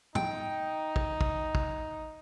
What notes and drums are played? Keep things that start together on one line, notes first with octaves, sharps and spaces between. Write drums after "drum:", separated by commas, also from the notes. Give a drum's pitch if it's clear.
D#4 G5, drum: tom
drum: kick
drum: kick
drum: kick